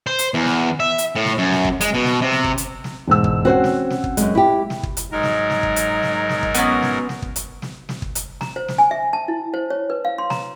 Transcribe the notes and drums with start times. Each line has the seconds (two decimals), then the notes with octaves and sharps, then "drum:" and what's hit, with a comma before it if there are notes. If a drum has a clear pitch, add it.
0.07 C5
0.19 drum: hi-hat
0.34 E2
0.45 drum: snare
0.80 E5
0.98 drum: hi-hat
1.15 A2
1.25 drum: snare
1.38 F#2
1.51 drum: snare
1.65 drum: kick
1.81 G#3, drum: hi-hat
1.94 B2
2.04 drum: snare
2.22 C3
2.31 drum: snare
2.44 drum: kick
2.58 drum: hi-hat
2.84 drum: snare
3.08 E1 G#2 E6
3.24 drum: kick
3.45 C4 C#4 F#4 C5 F#5
3.64 drum: snare
3.90 drum: snare
4.04 drum: kick
4.17 F#2 G#3, drum: hi-hat
4.35 E4 G4
4.70 drum: snare
4.83 drum: kick
4.97 drum: hi-hat
5.11 G#2 F#3 D#4 A#4
5.23 drum: snare
5.50 drum: snare
5.63 drum: kick
5.76 drum: hi-hat
6.03 drum: snare
6.29 drum: snare
6.43 drum: kick
6.54 B3 C#4 F#4, drum: hi-hat
6.83 drum: snare
7.09 drum: snare
7.22 drum: kick
7.36 drum: hi-hat
7.62 drum: snare
7.89 drum: snare
8.02 drum: kick
8.15 drum: hi-hat
8.41 A#5, drum: snare
8.56 C5
8.68 drum: snare
8.78 G#5
8.91 E5
9.13 A5
9.28 E4
9.54 C5
9.70 C#5
9.90 B4
10.05 F5
10.18 C6
10.30 A#5, drum: snare